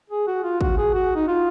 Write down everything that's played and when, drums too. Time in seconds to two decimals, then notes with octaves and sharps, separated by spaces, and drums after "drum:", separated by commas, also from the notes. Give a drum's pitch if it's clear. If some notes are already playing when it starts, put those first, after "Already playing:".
0.10 G#4
0.27 F#4
0.44 F4
0.61 F#4, drum: kick
0.77 G#4
0.94 F#4
1.16 D#4
1.28 F4